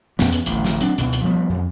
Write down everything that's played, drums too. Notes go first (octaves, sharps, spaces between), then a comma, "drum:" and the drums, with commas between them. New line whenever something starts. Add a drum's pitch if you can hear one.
E2 A2 B3 C#4, drum: snare
drum: hi-hat
D1 A1, drum: hi-hat
drum: snare
F#3 C4 D4, drum: hi-hat
C#2 B2, drum: hi-hat
drum: hi-hat
F3 G3 B3
F2